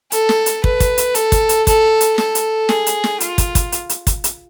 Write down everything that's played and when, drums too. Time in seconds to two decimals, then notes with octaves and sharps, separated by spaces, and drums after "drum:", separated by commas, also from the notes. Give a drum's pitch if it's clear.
0.12 A4, drum: hi-hat
0.29 drum: snare
0.46 drum: hi-hat
0.64 B4, drum: kick
0.80 drum: kick, hi-hat
0.98 drum: hi-hat
1.15 A4, drum: hi-hat
1.32 drum: kick, hi-hat
1.49 drum: hi-hat
1.67 A4, drum: kick, hi-hat
2.01 drum: hi-hat
2.18 A4, drum: snare
2.35 drum: hi-hat
2.69 G#4, drum: snare
2.86 drum: hi-hat
3.04 drum: snare
3.20 F4, drum: hi-hat
3.38 drum: kick, hi-hat
3.55 drum: kick, hi-hat
3.72 drum: hi-hat
3.89 drum: hi-hat
4.07 drum: kick, hi-hat
4.24 drum: hi-hat